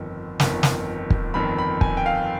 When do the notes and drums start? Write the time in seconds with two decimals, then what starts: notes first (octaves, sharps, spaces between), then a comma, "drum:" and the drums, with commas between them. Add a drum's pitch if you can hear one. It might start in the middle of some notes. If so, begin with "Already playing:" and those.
Already playing: G1 F2 D#3
0.40 G1 F2 D#3, drum: snare
0.63 drum: snare
1.10 drum: kick
1.34 G1 F2 D#3 B5
1.58 B5
1.81 G#5, drum: kick
1.97 G5
2.06 F5